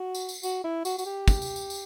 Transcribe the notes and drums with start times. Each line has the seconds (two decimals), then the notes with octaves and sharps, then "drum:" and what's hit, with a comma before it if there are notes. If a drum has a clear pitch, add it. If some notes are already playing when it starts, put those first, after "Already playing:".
Already playing: F#4
0.15 drum: tambourine
0.29 drum: tambourine
0.43 F#4, drum: tambourine
0.64 E4
0.85 F#4, drum: tambourine
0.98 F#4, drum: tambourine
1.06 G4
1.28 drum: kick, tambourine
1.42 drum: tambourine
1.56 drum: tambourine
1.70 drum: tambourine